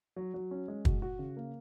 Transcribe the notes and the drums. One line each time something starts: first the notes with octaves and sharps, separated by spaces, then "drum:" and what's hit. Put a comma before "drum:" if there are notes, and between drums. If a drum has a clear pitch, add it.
F#3
F#3
C#4
G#3
F#4, drum: kick
F#4
C#3
A#3